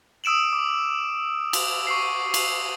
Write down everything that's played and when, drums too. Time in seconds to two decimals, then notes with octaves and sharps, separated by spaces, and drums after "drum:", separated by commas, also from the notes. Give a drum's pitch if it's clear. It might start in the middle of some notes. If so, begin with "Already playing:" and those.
0.24 D#6 E6 D7 E7 F#7
0.53 D6
1.53 drum: cymbal
1.87 C#6 E6 C7
2.34 drum: cymbal